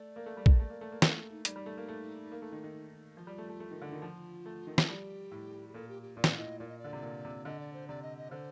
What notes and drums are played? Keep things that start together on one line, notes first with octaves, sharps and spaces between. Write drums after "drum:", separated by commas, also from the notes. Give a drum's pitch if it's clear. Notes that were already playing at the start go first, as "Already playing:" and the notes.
Already playing: A3 D5
A#3
A3
G3
A3, drum: kick A#1
A3
A#3
A3
A#3
A3 A#4, drum: snare
A4
D#4
G3 D#4, drum: hi-hat
G3
A3
A#3
A3
A#3
A3
D#3
D#3
F3 F4
G3
A3
A3
A3
D#3
D3
D#3
F3 F4
A3
D#3
F3, drum: snare
G3 G4
A2
G4
A#2 A4
G4
G4
A#2 D5
A2, drum: snare
A2 D#5
A#2 D5
D#5
D5
D3
C3
A#2
C3
D3 D#5
D5
C5
C3 D5
D#5
D#5
D3 C5